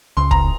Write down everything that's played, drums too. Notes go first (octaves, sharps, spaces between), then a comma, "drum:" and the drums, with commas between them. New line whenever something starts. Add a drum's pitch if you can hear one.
C#2 C6
A#5, drum: kick